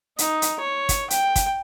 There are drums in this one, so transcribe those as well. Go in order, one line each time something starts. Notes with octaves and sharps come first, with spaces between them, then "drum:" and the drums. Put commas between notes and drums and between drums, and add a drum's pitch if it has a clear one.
D#4, drum: hi-hat
drum: hi-hat
C#5
drum: kick, hi-hat
G5, drum: hi-hat
drum: kick, hi-hat